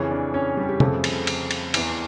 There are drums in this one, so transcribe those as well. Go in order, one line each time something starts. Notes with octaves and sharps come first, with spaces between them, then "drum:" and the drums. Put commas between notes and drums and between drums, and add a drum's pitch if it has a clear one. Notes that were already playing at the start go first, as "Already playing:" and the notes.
Already playing: F2 C#3 E3 C#4 C#5
D4 D5
C#4 C#5
G3 G4
G4
F2 C#3 F3 A3 A4, drum: tom
drum: cymbal
drum: cymbal
drum: cymbal
E2 E3, drum: cymbal